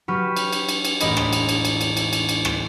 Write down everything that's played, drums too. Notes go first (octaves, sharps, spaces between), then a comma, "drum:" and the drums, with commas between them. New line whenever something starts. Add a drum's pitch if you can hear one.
F#3 G4 B4 C#6 F6 E7
drum: cymbal
drum: cymbal
drum: cymbal
drum: cymbal
E1 A1 A#4 D#5 B5, drum: cymbal
drum: rim click
drum: cymbal
drum: cymbal
drum: cymbal
drum: cymbal
drum: cymbal
drum: cymbal
drum: cymbal
drum: rim click